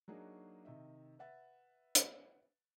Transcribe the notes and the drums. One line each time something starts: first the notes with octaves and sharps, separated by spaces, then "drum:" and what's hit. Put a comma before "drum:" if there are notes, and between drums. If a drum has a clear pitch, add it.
F#3 A#3 D4 D#4 F#4 G#4
C3 D#3 D#5 E5
B4 E5 F#5 A6
drum: hi-hat